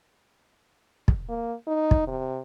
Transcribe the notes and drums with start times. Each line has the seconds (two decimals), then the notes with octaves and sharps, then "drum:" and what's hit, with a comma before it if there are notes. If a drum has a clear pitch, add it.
1.08 drum: kick
1.29 A#3
1.67 D#4
1.91 drum: kick
2.07 C3